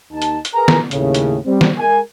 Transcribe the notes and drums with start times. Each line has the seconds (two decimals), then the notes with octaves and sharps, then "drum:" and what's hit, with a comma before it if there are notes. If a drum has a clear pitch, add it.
0.12 D#2 D#4 A5
0.22 drum: hi-hat
0.45 drum: hi-hat
0.54 G#4 A#4 B4 G#5 A#5
0.68 drum: snare
0.91 D#2 A2 C#3, drum: hi-hat
1.15 drum: hi-hat
1.46 G3 C4
1.61 drum: snare
1.78 G#3 A#4 G#5